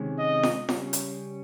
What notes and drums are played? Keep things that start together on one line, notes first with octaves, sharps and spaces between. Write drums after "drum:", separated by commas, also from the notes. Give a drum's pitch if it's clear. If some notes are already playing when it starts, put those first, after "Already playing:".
Already playing: C3 D#3 G#3 C#4
D#5
drum: snare
C#3 G3 C#4, drum: snare
drum: hi-hat